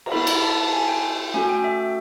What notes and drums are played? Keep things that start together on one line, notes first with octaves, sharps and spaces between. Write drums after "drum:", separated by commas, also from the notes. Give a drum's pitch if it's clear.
A#5, drum: cymbal
B3 E4 A4 B5
A#5, drum: cymbal
A5
A5
G#5
G5
A3 C#4 F#4 A4 G#5
G5
E5